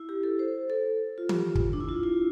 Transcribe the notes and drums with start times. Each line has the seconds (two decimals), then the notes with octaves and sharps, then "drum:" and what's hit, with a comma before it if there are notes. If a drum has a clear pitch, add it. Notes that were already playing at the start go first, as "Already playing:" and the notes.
Already playing: E4
0.09 G4
0.23 A4
0.39 C5
0.70 A4
1.18 F4
1.29 G4, drum: tom E3
1.55 drum: kick
1.73 D4
1.80 E4
1.89 F4
2.03 E4